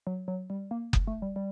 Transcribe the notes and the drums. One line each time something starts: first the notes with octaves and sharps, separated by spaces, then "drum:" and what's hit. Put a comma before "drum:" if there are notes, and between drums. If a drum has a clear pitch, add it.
F#3
F#3
G3
A#3
drum: kick F#1
A3
G3
G3